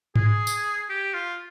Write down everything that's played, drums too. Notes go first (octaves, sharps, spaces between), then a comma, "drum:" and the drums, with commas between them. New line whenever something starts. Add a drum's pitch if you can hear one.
G#4, drum: tom G#2
drum: tambourine
G4
F4